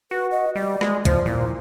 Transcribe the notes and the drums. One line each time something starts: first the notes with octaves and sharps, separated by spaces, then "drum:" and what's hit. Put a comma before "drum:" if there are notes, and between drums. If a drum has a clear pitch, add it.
F#4 B4
D#5
G3 D5
G#3, drum: rim click
F3 C5, drum: kick, hi-hat
A#2 E4